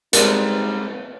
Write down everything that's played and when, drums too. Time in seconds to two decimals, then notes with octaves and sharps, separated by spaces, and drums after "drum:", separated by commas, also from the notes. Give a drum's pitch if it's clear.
0.13 G3 G#3 C4 D#4 A#4, drum: hi-hat